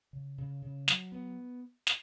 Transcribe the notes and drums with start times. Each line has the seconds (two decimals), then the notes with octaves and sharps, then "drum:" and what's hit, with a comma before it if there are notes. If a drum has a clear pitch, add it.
0.13 C#3
0.38 C#3
0.62 C#3
0.88 F#3, drum: snare
1.12 B3
1.87 drum: snare